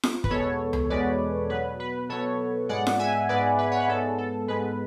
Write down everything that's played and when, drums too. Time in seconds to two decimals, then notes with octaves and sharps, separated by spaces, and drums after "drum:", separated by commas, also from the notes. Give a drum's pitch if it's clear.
0.03 drum: snare F4
0.24 B4, drum: kick
0.30 E2 B2 G#3 B3 A4 C#5
0.73 drum: tom C#2
0.90 E2 B2 G#3 B3 B4 D5
1.50 B2 F#3 B3 B4
1.80 B4
2.09 B2 F#3 B3 A4 C#5
2.69 G#2 G#3 B3 D5 F#5
2.87 drum: snare F4
2.99 E5 G#5
3.29 G#2 G#3 B3 B4 D5
3.58 B4
3.71 C#5
3.80 B4
3.88 G#2 G#3 B3 A4
4.18 A4
4.48 G#2 G#3 B3 B4